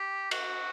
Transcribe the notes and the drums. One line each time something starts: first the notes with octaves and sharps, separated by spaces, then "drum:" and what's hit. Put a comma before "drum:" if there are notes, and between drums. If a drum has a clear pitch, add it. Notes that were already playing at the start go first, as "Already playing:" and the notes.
Already playing: G4
F#4, drum: cymbal